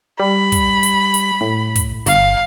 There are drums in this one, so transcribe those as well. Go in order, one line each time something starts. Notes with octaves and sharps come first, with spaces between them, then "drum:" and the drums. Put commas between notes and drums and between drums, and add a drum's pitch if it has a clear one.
G3 B5
drum: kick, hi-hat
drum: hi-hat
drum: hi-hat
A2
drum: kick, hi-hat
G1 F5, drum: hi-hat